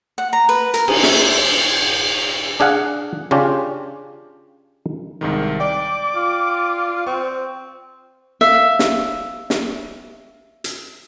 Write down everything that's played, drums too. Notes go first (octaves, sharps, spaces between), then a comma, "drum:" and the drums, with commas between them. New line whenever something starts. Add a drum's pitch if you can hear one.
F#5
A#5
B4
A#4, drum: hi-hat
G#4, drum: cymbal
E5, drum: snare
C5
D4 G#4 F5 F#5
C#3 C#4 D4 F4 G4
C2 G#2 D#3
D5 G5 D6
F4
C4 C#6
E5 F5
drum: snare
drum: snare
drum: hi-hat